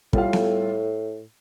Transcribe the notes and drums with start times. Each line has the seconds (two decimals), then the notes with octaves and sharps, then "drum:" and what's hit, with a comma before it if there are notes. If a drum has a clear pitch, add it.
0.13 A2 G3 F4 A4 F5, drum: kick
0.33 drum: snare B3